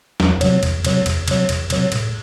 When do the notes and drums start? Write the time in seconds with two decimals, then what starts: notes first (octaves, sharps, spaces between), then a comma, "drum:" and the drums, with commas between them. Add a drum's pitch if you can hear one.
0.20 E2, drum: snare
0.41 C3 F#3, drum: cymbal
0.63 E2, drum: cymbal
0.85 C3 F#3, drum: cymbal
1.06 E2, drum: cymbal
1.28 C3 F#3, drum: cymbal
1.49 E2, drum: cymbal
1.70 C3 F#3, drum: cymbal
1.92 A2, drum: cymbal